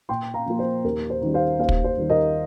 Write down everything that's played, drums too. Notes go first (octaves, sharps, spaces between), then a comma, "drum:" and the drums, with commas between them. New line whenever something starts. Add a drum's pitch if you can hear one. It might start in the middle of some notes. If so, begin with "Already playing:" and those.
A#2 G5 C6
F5 A#5
F3 A#3
C5
D#2 A#4
C5
D#3 G3
C5 F5
D#2 C5 F5
drum: kick
C5
D#3 G3
A#4 D#5